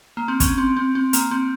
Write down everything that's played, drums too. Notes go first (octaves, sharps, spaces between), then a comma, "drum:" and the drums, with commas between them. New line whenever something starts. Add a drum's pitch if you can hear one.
A#3
C4
C#4, drum: kick, hi-hat
C4
C4
C4
A#3, drum: hi-hat
C4